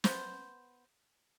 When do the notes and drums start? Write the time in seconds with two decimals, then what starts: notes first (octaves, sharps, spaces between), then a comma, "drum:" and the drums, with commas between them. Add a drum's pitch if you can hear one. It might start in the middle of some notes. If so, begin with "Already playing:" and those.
0.04 B3 C5, drum: snare